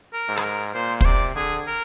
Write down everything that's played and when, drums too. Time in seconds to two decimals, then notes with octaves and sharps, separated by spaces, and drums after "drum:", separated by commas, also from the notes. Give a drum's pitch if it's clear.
0.13 A#4
0.28 G#2
0.37 G#4, drum: rim click
0.43 A#4
0.74 A#2 C5
1.01 C5, drum: kick
1.05 C3 D5
1.36 D3 G#4
1.67 A#4